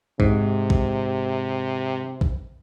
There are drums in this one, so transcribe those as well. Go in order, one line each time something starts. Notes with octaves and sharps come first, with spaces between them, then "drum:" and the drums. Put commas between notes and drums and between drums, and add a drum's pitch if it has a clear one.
G#2 C3, drum: kick A#1
drum: kick A#1
drum: kick A#1